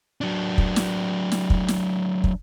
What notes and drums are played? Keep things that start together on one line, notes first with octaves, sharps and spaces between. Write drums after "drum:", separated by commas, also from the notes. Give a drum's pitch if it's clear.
F#3 D4
drum: kick
drum: snare
drum: snare
drum: kick
drum: snare
drum: kick